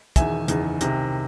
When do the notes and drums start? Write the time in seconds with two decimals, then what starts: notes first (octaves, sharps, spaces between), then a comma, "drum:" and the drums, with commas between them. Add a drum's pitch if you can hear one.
0.16 E1 E2 D#3 E5 G#5, drum: kick, hi-hat
0.48 F#1 E2 D#3, drum: hi-hat
0.81 C2 C3 D#3, drum: hi-hat